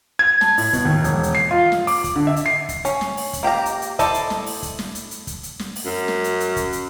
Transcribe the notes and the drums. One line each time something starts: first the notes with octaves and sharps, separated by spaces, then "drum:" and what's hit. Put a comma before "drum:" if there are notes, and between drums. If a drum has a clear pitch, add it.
G#6
A5, drum: snare
A2, drum: open hi-hat
B2, drum: kick, hi-hat
D#2
E1, drum: hi-hat
drum: hi-hat
C7
F4
drum: snare
D6, drum: open hi-hat
drum: kick, hi-hat
D3
E5
drum: hi-hat
C7
drum: kick, hi-hat
C#4, drum: hi-hat
drum: snare
drum: open hi-hat
drum: kick, hi-hat
A#3 G4 G5 A#5
drum: hi-hat
drum: hi-hat
E4 A4 C5 D5 D#5, drum: kick, hi-hat
drum: hi-hat
drum: snare
drum: open hi-hat
drum: kick, hi-hat
drum: snare
drum: hi-hat
drum: hi-hat
drum: kick, hi-hat
drum: hi-hat
drum: snare
drum: open hi-hat
F#2
drum: snare
drum: hi-hat
drum: hi-hat
drum: kick, hi-hat
drum: hi-hat